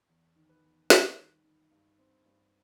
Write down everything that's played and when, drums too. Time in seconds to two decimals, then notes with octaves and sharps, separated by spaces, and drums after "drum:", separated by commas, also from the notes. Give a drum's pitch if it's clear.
0.09 E2
0.36 D#3
0.49 B4
0.63 E2
0.90 G3, drum: snare
1.17 D#3
1.44 D#3
1.71 G2
1.98 C4
2.26 G2